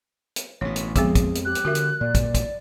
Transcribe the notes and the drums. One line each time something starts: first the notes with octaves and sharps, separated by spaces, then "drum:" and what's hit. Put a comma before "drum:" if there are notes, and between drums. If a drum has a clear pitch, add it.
drum: hi-hat
A1 B2 C#5
drum: hi-hat
F2 F3 G#3 B3 C4 G#4, drum: kick, hi-hat
drum: kick, hi-hat
drum: hi-hat
G4 F#6
drum: hi-hat
D3 F#4 A#4 E5
drum: hi-hat
A#2 D5
drum: kick, hi-hat
drum: kick, hi-hat